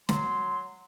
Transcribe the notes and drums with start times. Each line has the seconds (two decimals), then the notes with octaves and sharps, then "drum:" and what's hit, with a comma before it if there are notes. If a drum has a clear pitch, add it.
0.09 F#3 C6, drum: snare